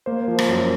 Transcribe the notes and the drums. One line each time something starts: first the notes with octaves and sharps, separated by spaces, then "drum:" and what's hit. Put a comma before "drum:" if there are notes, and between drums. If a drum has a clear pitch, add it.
A#3 C5
F3
drum: rim click
F#2